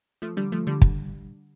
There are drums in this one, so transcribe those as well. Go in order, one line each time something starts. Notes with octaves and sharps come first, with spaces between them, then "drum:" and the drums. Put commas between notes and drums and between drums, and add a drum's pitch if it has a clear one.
F3 A3
D3 G3
F3 A3
D3 G3
drum: kick